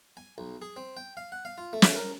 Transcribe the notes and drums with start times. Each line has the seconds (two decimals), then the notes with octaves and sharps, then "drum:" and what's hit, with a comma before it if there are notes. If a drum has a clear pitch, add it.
0.17 G#5
0.38 B1
0.62 G#4
0.76 C4
0.97 G5
1.17 F5
1.32 F#5
1.45 F5
1.58 F4
1.73 A3
1.82 drum: snare
1.96 A#4